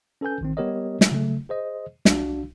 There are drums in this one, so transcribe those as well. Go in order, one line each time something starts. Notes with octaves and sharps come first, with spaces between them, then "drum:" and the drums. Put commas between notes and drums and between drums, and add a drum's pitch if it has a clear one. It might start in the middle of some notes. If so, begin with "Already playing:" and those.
C#4 A4 B4 G#5 G6
A1 D#3 C4
G3 B3 G4 A#4 C#5 D#5
drum: snare
C#3 F#3 A3
G#4 C5 D#5
C2 D4 F#4 F5, drum: snare